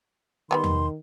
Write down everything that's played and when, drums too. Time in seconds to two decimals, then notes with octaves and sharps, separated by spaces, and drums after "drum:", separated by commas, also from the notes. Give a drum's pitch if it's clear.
0.51 D#3 G3 G#3 B3 C6
0.64 drum: tom E2